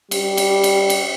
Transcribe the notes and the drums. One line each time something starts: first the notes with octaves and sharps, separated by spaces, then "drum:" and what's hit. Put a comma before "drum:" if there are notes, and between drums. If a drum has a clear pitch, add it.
G3, drum: cymbal
drum: cymbal
drum: cymbal
drum: cymbal